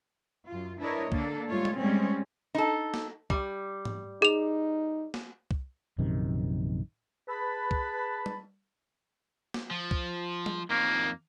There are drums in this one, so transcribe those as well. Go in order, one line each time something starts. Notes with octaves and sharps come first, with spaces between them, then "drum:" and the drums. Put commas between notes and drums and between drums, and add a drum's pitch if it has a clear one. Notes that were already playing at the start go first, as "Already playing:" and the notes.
F#2 F4
D4 E4 A#4 B4 C#5 D#5
D3 A#3 D4 A4, drum: kick C2
G#2 G3 A3 F4 C#5
drum: tom G3
A2 G3 G#3 C4 C#4
D#4 A4
drum: snare
G3, drum: kick C2
drum: tom G#2
D#4 G#4 F7
drum: snare
drum: kick C2
A#1 F#2 C3 D#3
G#4 B4 A5 B5
drum: kick C2
drum: tom G3
drum: snare
F3
drum: kick C2
drum: tom G3
F2 D#3 A#3